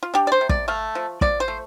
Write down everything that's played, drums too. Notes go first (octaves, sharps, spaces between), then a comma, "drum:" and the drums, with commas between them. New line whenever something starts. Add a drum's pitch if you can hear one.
F4
D4 G4
D5
C5
C3
D5, drum: kick
A3 F5
F3
F3 D5, drum: kick
C5
A3